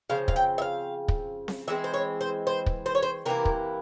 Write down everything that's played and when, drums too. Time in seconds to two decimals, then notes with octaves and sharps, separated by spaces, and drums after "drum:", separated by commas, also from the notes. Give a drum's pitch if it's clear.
0.09 C#3 F3 C4 F5
0.28 F5, drum: kick
0.36 G5
0.58 E5
0.62 F5
1.08 drum: kick
1.48 drum: snare C4
1.68 E3 G#3 C4 E4 E5
1.84 C5
1.94 C#5
2.21 C5
2.47 C5
2.66 drum: kick
2.86 C5
2.95 C#5
3.03 C5
3.26 C3 E3 A#3 E4 A#4
3.45 drum: kick